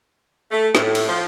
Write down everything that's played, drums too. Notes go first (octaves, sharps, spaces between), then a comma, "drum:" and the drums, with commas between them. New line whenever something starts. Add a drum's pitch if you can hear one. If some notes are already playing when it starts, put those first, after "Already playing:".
A3
A2, drum: snare
drum: cymbal
F3